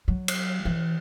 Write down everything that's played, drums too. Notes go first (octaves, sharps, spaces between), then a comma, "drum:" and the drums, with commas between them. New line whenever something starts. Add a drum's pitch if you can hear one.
F#3
drum: cymbal
E3